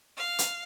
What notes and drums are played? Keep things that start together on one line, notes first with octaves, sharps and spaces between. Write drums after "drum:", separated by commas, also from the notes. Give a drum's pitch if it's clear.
F5
drum: hi-hat